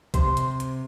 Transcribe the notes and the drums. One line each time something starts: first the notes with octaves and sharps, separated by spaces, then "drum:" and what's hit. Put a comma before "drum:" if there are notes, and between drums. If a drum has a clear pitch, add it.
C3 C5, drum: kick, hi-hat
drum: hi-hat
drum: hi-hat